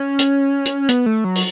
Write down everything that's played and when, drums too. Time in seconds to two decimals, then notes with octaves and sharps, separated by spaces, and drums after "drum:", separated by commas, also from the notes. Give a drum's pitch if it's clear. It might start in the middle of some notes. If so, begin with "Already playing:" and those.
Already playing: C#4
0.19 drum: hi-hat
0.66 drum: hi-hat
0.89 B3, drum: hi-hat
1.06 A3
1.24 F#3
1.35 drum: open hi-hat